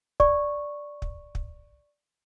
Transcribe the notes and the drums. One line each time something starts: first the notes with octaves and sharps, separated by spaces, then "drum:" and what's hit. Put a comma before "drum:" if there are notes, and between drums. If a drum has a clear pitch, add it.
D5 C#6, drum: kick
drum: kick
drum: kick